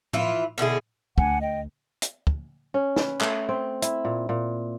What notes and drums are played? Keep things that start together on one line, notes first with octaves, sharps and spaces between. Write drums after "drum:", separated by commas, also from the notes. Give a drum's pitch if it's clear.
E3 E4 F4, drum: tom A2
B2 D3 E4 G#4
D2 D4 F#5 G#5, drum: kick
D#5 G5
drum: hi-hat
drum: kick
C#4
B4, drum: snare
A3, drum: clap
C4
E4, drum: hi-hat
A#2
A#2